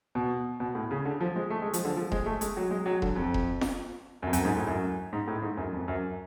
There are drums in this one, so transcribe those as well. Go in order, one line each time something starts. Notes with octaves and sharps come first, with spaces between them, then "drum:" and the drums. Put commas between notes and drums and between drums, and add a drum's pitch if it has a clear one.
B2
B2
A2
C#3
D3
F3
G#3
A3
G#3
F3, drum: hi-hat
D3
F3
G#3, drum: kick E1
A3
G#3, drum: hi-hat
F#3
G#3
F#3
D3, drum: kick E1
F2
drum: kick E1
drum: snare F4
F#2
F2
F#2, drum: hi-hat
G#2
A2
F#2
G#2
A2
G#2
F#2
F2
F#2